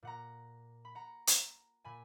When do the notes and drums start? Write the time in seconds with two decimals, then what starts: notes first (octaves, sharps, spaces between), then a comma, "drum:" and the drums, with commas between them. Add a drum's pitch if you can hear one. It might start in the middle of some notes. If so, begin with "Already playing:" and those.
0.03 A#2 F#5 A#5
0.85 B5
0.95 F#5 A#5
1.27 drum: hi-hat
1.84 A#2 G#5 B5